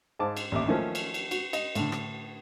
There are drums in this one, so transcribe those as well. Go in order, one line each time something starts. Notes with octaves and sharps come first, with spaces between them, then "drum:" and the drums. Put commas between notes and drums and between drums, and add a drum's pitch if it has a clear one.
G#2 C5 F5 A5 D6
drum: cymbal
A1 D#2 E5 D6
D#3 F3 F#3 A3 A#3 C#4
drum: cymbal
drum: cymbal
F#4, drum: cymbal
D#5, drum: cymbal
A2 D3, drum: cymbal
drum: rim click